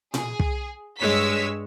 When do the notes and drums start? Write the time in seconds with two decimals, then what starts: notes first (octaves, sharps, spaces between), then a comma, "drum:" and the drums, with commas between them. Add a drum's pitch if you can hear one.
0.14 G#4, drum: tom A#2
0.40 drum: kick
0.99 G2 G#3 C#5 E6 B6